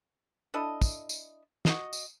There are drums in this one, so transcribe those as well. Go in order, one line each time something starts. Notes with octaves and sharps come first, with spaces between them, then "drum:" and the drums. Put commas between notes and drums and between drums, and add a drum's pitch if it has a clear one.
D4 E4 A4 D#5
drum: kick, tambourine
drum: tambourine
F#4 D#5, drum: snare
drum: tambourine